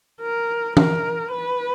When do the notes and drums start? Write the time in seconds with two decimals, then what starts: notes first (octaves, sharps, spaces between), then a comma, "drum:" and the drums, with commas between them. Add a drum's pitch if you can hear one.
0.21 A#4
0.77 A#4, drum: tom E3
1.32 B4